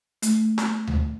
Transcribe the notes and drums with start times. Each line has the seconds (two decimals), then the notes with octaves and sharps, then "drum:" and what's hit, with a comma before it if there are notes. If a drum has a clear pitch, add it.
0.22 A3, drum: hi-hat
0.58 drum: snare
0.87 drum: tom D2